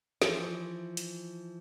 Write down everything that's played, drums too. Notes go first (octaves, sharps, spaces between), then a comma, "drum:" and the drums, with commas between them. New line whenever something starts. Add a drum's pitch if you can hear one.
E3 F3, drum: snare
drum: hi-hat